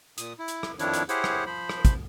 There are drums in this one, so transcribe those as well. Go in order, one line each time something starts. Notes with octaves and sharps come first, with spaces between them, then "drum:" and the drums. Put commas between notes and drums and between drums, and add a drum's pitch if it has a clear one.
A#2 D#6, drum: hi-hat
E4
drum: hi-hat
drum: rim click
F2 D#3 F3 D4 E4 C#5, drum: hi-hat
drum: hi-hat
E4 G4 G#4 C5 C#5 F#5, drum: hi-hat
drum: rim click
F3 C5 B5
drum: rim click
drum: kick, hi-hat